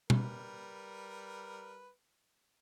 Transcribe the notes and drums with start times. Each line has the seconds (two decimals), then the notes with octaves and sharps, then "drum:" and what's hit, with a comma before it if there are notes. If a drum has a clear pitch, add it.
0.10 G3 A#4 B4, drum: tom B2